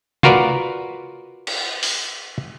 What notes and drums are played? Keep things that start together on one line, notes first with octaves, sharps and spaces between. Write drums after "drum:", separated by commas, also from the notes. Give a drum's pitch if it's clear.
F4 F#4 A#4 B4 D5, drum: tom
drum: cymbal
drum: open hi-hat